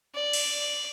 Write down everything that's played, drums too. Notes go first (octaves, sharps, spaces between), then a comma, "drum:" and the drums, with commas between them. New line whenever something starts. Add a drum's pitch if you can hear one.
D5
drum: cymbal